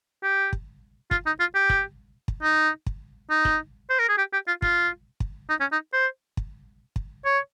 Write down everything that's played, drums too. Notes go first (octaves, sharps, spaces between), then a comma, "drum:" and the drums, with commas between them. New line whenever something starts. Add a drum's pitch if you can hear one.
G4
drum: kick
F4, drum: kick
D#4
F4
G4
drum: kick
drum: kick
D#4
drum: kick
D#4
drum: kick
C5
A#4
G#4
G4
G4
F4
F4, drum: kick
drum: kick
D#4
C#4
D#4
C5
drum: kick
drum: kick
C#5